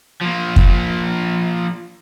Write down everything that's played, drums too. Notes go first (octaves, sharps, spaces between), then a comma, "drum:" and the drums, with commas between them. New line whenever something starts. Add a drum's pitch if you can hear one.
F3 A#3
drum: kick